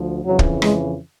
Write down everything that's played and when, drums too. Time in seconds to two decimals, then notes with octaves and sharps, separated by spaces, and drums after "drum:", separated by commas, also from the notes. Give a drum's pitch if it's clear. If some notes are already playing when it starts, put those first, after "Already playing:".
Already playing: D2 F3
0.25 F2 C#3 E3 F#3
0.39 drum: kick
0.62 G#3, drum: rim click